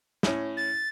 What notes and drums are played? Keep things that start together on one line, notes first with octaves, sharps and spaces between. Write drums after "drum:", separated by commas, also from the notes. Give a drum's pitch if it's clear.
A2 C#4, drum: snare
A6